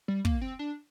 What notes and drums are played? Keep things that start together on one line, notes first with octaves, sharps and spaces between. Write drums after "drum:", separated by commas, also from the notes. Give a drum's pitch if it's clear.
G3
A#3, drum: kick
C4
D4